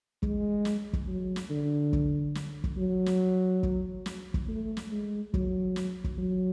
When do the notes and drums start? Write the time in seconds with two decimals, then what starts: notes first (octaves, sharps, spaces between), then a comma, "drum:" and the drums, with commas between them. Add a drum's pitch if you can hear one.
0.22 G#3, drum: kick
0.65 drum: snare
0.93 drum: kick
1.08 F#3
1.36 drum: snare
1.50 D3
1.93 drum: kick
2.35 drum: snare
2.64 drum: kick
2.78 F#3
3.06 drum: snare
3.63 drum: kick
4.06 drum: snare
4.34 drum: kick
4.48 A3
4.77 drum: snare
4.91 G#3
5.34 F#3, drum: kick
5.76 drum: snare
6.04 drum: kick
6.18 F#3